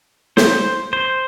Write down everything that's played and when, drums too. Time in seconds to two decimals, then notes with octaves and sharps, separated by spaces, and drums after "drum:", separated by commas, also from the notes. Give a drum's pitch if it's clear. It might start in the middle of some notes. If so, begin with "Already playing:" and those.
0.37 C5, drum: snare
0.93 C5